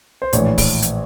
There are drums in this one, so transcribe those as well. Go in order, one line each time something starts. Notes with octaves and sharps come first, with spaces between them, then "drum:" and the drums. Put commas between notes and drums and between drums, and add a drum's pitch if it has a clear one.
C5
A#1 A2 E3 C#5, drum: hi-hat
drum: kick, open hi-hat
drum: hi-hat